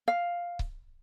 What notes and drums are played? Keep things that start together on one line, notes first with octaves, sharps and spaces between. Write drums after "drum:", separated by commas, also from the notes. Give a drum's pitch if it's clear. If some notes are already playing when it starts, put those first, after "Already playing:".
F5
drum: kick C#1